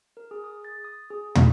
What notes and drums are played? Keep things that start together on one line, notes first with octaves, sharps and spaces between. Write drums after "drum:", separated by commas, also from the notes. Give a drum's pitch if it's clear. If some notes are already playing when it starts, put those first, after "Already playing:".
A#4
G#4
D#6
A6
D#6
G#4
D#5, drum: tom